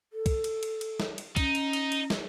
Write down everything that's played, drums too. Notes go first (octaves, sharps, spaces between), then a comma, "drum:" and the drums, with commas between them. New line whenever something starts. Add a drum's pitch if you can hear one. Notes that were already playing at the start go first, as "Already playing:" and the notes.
A4
drum: kick, cymbal
drum: cymbal
drum: cymbal
drum: cymbal
drum: snare
drum: cymbal
C#4 D#4, drum: kick, cymbal
drum: cymbal
drum: cymbal
drum: cymbal
drum: snare